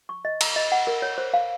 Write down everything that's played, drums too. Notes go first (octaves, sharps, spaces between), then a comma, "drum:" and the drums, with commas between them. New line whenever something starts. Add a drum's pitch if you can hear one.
C#6
D#5
A#5, drum: cymbal
D#5
F#5
A#4
C#5
C5
F5